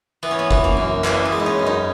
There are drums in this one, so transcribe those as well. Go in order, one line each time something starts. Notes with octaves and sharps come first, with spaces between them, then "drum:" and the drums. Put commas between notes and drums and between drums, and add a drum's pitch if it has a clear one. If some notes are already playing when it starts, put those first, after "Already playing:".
E3 B3
C#4
B3
E3, drum: kick
A#3
F#2
E3 A#3, drum: clap
B3
G#3
D#4
C#4
F#2
D#4